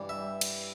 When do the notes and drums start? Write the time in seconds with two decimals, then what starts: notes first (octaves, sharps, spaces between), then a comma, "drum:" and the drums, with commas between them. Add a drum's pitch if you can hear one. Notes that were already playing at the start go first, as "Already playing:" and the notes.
Already playing: G2 E3 G3
0.09 E5
0.41 drum: cymbal